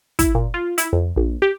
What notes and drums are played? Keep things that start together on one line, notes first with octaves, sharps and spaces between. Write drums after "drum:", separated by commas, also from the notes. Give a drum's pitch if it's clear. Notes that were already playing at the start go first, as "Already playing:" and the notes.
E4, drum: kick, hi-hat
A#2
F4
E4, drum: hi-hat
F2
A#1
G4